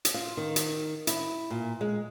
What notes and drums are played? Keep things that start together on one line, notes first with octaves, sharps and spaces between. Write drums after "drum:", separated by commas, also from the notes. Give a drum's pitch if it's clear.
drum: hi-hat
F4
D#3
drum: hi-hat
E4, drum: hi-hat
A#2
G#3